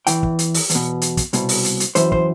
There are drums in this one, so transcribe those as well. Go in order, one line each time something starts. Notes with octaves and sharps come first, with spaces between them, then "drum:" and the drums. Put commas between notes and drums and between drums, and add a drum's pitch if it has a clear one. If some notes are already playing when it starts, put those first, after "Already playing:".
E2 C3 E3 G5, drum: hi-hat
drum: kick
drum: hi-hat
drum: open hi-hat
E2, drum: hi-hat
B2
drum: hi-hat
drum: kick, hi-hat
C2 B2, drum: hi-hat
drum: open hi-hat
drum: hi-hat
drum: hi-hat
F#2 E3 C5, drum: hi-hat
C5, drum: kick